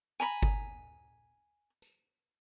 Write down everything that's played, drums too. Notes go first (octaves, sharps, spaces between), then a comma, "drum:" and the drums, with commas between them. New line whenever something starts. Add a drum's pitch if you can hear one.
G#5 A#5 B5
drum: kick G1
drum: tambourine